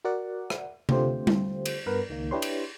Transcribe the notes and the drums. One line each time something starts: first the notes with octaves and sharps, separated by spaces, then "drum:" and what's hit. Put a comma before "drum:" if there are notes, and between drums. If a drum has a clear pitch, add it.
F#4 A#4 D5 F#5
drum: rim click
D3 A3 C4 F4 G4 C5, drum: tom C3
drum: tom G3
drum: cymbal
G2 B3 A#4 B4
C#2 D#3 A#3
D4 E4 G4 B4 C#5 C6
drum: cymbal